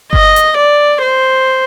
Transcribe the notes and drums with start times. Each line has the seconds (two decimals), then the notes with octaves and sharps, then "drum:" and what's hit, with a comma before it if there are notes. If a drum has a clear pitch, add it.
0.13 D#5, drum: kick G1
0.36 drum: hi-hat
0.58 D5
1.03 C5